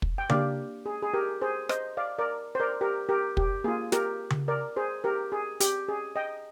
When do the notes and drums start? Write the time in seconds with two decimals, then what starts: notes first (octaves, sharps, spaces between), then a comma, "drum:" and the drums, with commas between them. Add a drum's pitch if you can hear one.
0.02 drum: kick
0.18 G5
0.29 A#3 D4 G4 D5 F5, drum: tom C#3
0.86 G#4
1.03 G#4
1.14 G4 A#4
1.42 G#4 C5
1.69 C5 D#5, drum: rim click
1.97 D5 F5
2.19 A#4 D5
2.55 C5
2.60 A#4 D5
2.81 G4 A#4
3.09 G4 A#4
3.37 G4, drum: kick
3.64 A#3 F4 G#4
3.92 G4 A#4, drum: snare
4.30 drum: tom C#3
4.48 A#4 D5
4.76 G#4 C5
5.04 G4 A#4
5.32 G#4
5.60 G4, drum: hi-hat
5.88 G#4
6.16 D#5 G5